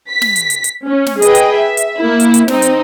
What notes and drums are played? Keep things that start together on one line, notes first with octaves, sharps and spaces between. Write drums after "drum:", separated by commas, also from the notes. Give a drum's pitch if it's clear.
B6
drum: snare
drum: hi-hat
drum: hi-hat
drum: hi-hat
C#4
drum: snare
G#4 B4 D#5 G5, drum: hi-hat
drum: hi-hat
E5
drum: hi-hat
A#3 E4
drum: hi-hat
drum: hi-hat
C4 D#4, drum: snare
drum: hi-hat